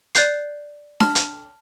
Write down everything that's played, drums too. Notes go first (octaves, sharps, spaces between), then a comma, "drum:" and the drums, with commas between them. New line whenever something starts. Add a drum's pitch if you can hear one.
D5 F#6 G6 C7, drum: hi-hat
A5 F6, drum: snare D4
drum: hi-hat